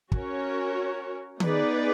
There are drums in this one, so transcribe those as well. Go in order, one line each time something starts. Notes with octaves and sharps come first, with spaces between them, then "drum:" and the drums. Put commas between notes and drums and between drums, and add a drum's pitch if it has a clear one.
C#4 F#4 A#4 C#5, drum: kick
B3 D#4 G#4 B4 D5, drum: tom D#3